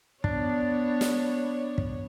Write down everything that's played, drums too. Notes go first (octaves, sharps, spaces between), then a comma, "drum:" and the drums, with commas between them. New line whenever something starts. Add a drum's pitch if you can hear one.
B3 D4 C#5, drum: kick
drum: snare
drum: kick